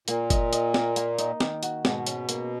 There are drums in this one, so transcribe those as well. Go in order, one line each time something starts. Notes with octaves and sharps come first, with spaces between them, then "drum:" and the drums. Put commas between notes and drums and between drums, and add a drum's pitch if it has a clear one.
A#2 A#3, drum: hi-hat
D#5, drum: kick F#1, hi-hat
D#5, drum: hi-hat
A#4, drum: snare
A#3, drum: hi-hat
D#4, drum: hi-hat
D#3, drum: snare
F#4, drum: hi-hat
G#2 B2, drum: snare
C#4, drum: hi-hat
A#3, drum: hi-hat